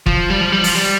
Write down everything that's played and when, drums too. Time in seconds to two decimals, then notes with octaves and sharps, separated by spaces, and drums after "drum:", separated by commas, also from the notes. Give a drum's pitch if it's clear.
0.06 F3, drum: kick F1
0.30 G3
0.41 F3
0.52 G3
0.64 F3, drum: open hi-hat
0.75 G3